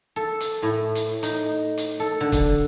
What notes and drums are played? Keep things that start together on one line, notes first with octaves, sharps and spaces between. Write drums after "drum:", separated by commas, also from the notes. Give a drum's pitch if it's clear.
A4
drum: hi-hat
A2
drum: hi-hat
D#4, drum: hi-hat
drum: hi-hat
A4
D3
drum: kick, hi-hat